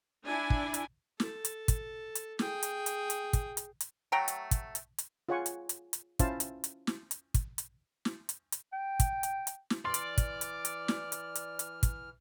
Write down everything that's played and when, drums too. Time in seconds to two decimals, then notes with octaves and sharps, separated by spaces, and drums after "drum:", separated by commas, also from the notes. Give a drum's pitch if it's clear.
0.24 D4 E4 G#5
0.50 drum: kick
0.74 drum: hi-hat
1.20 A4, drum: snare
1.45 drum: hi-hat
1.68 drum: kick, hi-hat
2.15 drum: hi-hat
2.39 G#4 G5, drum: snare
2.63 drum: hi-hat
2.86 drum: hi-hat
3.10 drum: hi-hat
3.33 drum: kick, hi-hat
3.57 drum: hi-hat
3.81 drum: hi-hat
4.12 F#3 A3 G5 A#5
4.28 drum: hi-hat
4.51 drum: kick, hi-hat
4.75 drum: hi-hat
4.98 drum: hi-hat
5.29 F4 G#4 C#5 F#5 G#5 C#6
5.46 drum: hi-hat
5.69 drum: hi-hat
5.93 drum: hi-hat
6.19 C#4 E4 F4 C5 F5 A5, drum: kick, hi-hat
6.40 drum: hi-hat
6.64 drum: hi-hat
6.87 drum: snare
7.11 drum: hi-hat
7.34 drum: kick, hi-hat
7.58 drum: hi-hat
8.05 drum: snare
8.29 drum: hi-hat
8.52 drum: hi-hat
8.73 G5
9.00 drum: kick, hi-hat
9.23 drum: hi-hat
9.47 drum: hi-hat
9.70 drum: snare
9.85 E3 D5 C6 F6
9.94 drum: hi-hat
10.18 drum: kick, hi-hat
10.41 drum: hi-hat
10.65 drum: hi-hat
10.88 drum: snare
11.12 drum: hi-hat
11.35 drum: hi-hat
11.59 drum: hi-hat
11.83 drum: kick, hi-hat